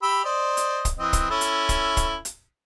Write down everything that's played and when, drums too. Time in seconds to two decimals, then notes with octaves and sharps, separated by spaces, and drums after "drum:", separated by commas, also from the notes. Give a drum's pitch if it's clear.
0.02 G4 B5 E6
0.25 C5 D5 D#5
0.57 drum: hi-hat
0.85 drum: kick, hi-hat
0.99 E3 C4 D#5
1.13 drum: kick, hi-hat
1.30 C#4 E4 A4
1.41 drum: hi-hat
1.69 drum: kick, hi-hat
1.97 drum: kick, hi-hat
2.25 drum: hi-hat